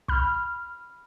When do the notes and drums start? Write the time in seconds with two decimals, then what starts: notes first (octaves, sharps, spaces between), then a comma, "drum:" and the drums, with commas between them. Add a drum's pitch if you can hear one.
0.08 B5 F6, drum: kick